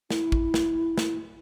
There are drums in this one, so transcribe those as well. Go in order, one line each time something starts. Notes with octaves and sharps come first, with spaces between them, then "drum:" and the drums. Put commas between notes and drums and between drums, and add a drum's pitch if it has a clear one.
E4, drum: snare
drum: kick A1
drum: snare
drum: snare